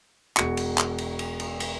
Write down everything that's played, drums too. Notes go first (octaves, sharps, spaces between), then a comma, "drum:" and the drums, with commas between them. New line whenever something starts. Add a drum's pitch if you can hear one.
E1 F#4 C#7, drum: clap
drum: cymbal
drum: clap
drum: cymbal
drum: cymbal
drum: cymbal
drum: cymbal